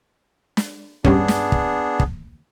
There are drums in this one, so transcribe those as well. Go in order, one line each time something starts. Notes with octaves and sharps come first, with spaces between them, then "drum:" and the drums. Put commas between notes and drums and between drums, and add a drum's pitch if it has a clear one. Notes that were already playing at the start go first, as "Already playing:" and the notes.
drum: snare
G2 G3 B3 C#4 D4 G#4, drum: kick
drum: snare
drum: kick
drum: kick